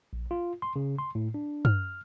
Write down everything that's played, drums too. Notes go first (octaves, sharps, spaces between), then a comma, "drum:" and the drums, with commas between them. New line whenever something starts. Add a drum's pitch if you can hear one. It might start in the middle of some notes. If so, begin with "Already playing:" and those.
A#1
F4
C6
C#3
C6
A2
D4
F6, drum: tom